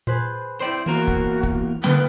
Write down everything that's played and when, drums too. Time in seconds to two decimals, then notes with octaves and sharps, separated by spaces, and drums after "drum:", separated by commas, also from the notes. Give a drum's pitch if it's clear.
0.07 A#2 G#4 B4 C5
0.61 C4 E4 C5 D5 G5
0.86 E2 E3 A#3 F#4 A#4
1.07 drum: kick
1.43 drum: kick
1.84 D3 A#3 B4 G5, drum: snare